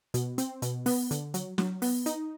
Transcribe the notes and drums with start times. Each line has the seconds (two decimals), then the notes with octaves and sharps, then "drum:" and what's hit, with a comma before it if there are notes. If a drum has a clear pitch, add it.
0.14 B2, drum: hi-hat
0.38 C4, drum: hi-hat
0.62 B2, drum: hi-hat
0.86 B3, drum: open hi-hat
1.11 D3, drum: hi-hat
1.34 F#3, drum: hi-hat
1.58 F#3, drum: snare
1.82 B3, drum: open hi-hat
2.06 D#4, drum: hi-hat